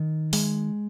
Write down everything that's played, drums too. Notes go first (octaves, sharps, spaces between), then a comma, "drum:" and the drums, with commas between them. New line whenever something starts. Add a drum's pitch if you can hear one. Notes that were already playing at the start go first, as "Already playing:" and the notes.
Already playing: D#3
G#3, drum: open hi-hat